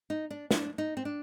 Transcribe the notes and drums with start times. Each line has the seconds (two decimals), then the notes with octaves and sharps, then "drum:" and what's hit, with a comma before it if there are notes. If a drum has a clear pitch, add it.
0.10 D#4
0.31 D4
0.51 D4, drum: snare
0.78 D#4
0.97 C4
1.05 D4